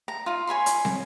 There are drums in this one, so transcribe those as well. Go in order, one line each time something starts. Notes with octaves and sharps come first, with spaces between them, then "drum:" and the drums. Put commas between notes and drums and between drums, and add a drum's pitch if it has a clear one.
A#5
D#4 F4
C#5 G#5 B5 C6
drum: hi-hat
drum: snare